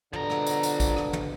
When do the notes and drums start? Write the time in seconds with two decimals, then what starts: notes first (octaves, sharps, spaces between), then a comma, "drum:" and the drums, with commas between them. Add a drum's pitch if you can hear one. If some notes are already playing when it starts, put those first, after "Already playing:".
0.13 B2 D3 F3 G3 B3 A#5, drum: tom
0.30 drum: rim click
0.47 drum: tambourine
0.63 drum: tambourine
0.80 drum: kick, tambourine
0.97 drum: rim click
1.13 drum: tom